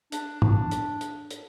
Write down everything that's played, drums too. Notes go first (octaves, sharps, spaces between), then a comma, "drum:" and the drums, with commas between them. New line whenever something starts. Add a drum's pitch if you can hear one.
D4, drum: hi-hat
drum: tom
drum: hi-hat
drum: hi-hat
drum: hi-hat